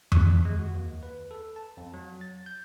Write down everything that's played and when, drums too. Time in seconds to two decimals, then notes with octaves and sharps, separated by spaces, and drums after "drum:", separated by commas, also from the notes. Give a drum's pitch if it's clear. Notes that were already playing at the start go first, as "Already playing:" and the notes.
0.12 F#6, drum: tom F2
0.45 G#3
0.59 F#4
0.75 D#2
1.03 B4
1.31 A4
1.56 A5
1.77 F2
1.94 F#3
2.21 A6
2.46 G6